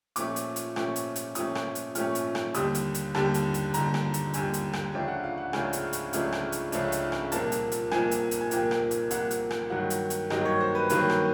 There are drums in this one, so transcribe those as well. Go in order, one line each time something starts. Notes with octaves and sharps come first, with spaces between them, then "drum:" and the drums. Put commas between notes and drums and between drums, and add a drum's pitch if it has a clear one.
A#2 F3 A3 C#4 D6, drum: hi-hat
drum: hi-hat
drum: hi-hat
A#2 F3 A3 C#4, drum: rim click
drum: hi-hat
drum: hi-hat
A#2 F3 A3 C#4 D#6, drum: hi-hat
drum: rim click
drum: hi-hat
A#2 F3 A3 C#4 F6, drum: hi-hat
drum: hi-hat
drum: rim click
D#2 D3 G3 D#6, drum: hi-hat
drum: hi-hat
drum: hi-hat
D#2 D3 G3 A5, drum: rim click
drum: hi-hat
drum: hi-hat
D#2 D3 G3 A#5, drum: hi-hat
drum: rim click
drum: hi-hat
D#2 D3 G3 G#5, drum: hi-hat
drum: hi-hat
drum: rim click
C#2 C#3 F3 A3 D4 G5
F#5
F5
F#5
C#2 C#3 F3 A3 D4 G#5, drum: rim click
drum: hi-hat
drum: hi-hat
C#2 C#3 F3 A3 D4, drum: hi-hat
drum: rim click
drum: hi-hat
C#2 C#3 F3 A3 D4, drum: hi-hat
drum: hi-hat
drum: rim click
C2 A#2 F3 A#3 A5, drum: hi-hat
drum: hi-hat
drum: hi-hat
C2 A#2 F3 A#3 G#5, drum: rim click
drum: hi-hat
drum: hi-hat
G#5
C2 A#2 F3 A#3 G5, drum: hi-hat
drum: rim click
drum: hi-hat
C2 A#2 F3 A#3 F#5, drum: hi-hat
drum: hi-hat
drum: rim click
G2 D#3 F#3 A#3 F#5
drum: hi-hat
drum: hi-hat
G2 D#3 F#3 A#3 D#5, drum: rim click
C#5
C5
B4
G2 D#3 F#3 A#3 B4, drum: hi-hat
drum: rim click